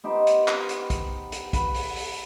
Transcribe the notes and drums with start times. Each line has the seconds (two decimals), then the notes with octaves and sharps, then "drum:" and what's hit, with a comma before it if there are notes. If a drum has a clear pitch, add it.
0.04 B3 D#4 G4 C5
0.27 drum: hi-hat
0.48 drum: clap
0.69 drum: hi-hat
0.90 drum: kick, hi-hat
1.32 drum: hi-hat
1.53 B4, drum: kick, hi-hat
1.74 drum: open hi-hat
1.95 drum: open hi-hat